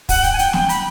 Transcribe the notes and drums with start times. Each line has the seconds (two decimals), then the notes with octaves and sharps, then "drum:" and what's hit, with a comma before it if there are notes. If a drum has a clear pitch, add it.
0.09 F#5, drum: kick, open hi-hat
0.23 G5, drum: hi-hat
0.33 G#5
0.39 G5, drum: hi-hat
0.53 G5, drum: snare
0.69 B5, drum: hi-hat